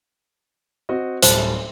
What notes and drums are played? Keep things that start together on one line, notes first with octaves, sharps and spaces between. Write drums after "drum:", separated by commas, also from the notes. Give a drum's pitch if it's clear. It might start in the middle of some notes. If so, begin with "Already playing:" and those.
C4 F#4 D#5
D1 G3 C5 A5, drum: hi-hat